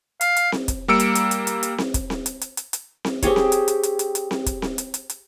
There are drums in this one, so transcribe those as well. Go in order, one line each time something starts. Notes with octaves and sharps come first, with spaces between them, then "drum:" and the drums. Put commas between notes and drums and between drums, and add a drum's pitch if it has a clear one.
F5, drum: hi-hat
drum: hi-hat
drum: snare C4
drum: kick, hi-hat
G3 A#3 E6 C#7 D7
drum: hi-hat
drum: hi-hat
drum: hi-hat
drum: hi-hat
drum: hi-hat
drum: snare C4
drum: kick, hi-hat
drum: snare C4
drum: hi-hat
drum: hi-hat
drum: hi-hat
drum: hi-hat
drum: snare C4
C4 G4 G#4 C#5, drum: kick, hi-hat
drum: snare C4
drum: hi-hat
drum: hi-hat
drum: hi-hat
drum: hi-hat
drum: hi-hat
drum: snare C4
drum: kick, hi-hat
drum: snare C4
drum: hi-hat
drum: hi-hat
drum: hi-hat